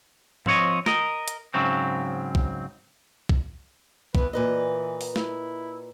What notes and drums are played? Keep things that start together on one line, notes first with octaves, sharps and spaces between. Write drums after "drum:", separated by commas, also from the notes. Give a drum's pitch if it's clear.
F3 C4 C#5 D#5, drum: tom G#2
A#4 D#5, drum: snare
drum: hi-hat
G#2 C#3 F#3 C4
drum: kick
drum: kick
E3 B3 B4, drum: kick
A#2 E3 B4 D#5
drum: open hi-hat
E4, drum: snare